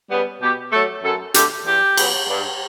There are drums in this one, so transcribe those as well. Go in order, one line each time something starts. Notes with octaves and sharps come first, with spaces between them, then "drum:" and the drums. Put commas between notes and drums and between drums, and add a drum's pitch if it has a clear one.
C#3 G3 B3
B2 G4
F#3 A3 A4
F#2 A4
D3 A3 G4, drum: hi-hat
E2 G4
C#3 F#3 B3, drum: cymbal
G2